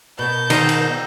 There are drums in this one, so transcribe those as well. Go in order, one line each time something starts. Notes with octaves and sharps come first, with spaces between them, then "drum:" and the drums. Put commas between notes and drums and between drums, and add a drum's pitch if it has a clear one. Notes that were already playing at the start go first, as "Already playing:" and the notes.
B2 B3 A#4 A5 G6
D#3 D#4 C5, drum: cymbal
drum: cymbal